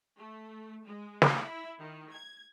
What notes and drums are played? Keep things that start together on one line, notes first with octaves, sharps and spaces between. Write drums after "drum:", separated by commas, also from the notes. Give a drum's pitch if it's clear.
A3
G#3
drum: snare
E4
D#3
G#6